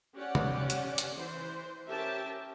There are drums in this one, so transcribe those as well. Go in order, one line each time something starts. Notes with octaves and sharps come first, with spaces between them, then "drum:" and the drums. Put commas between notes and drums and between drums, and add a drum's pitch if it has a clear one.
C#4 G4 D5 F#5
drum: tom
drum: hi-hat
drum: hi-hat
E3 C5
C#4 G4 A#4 E5 G5 A5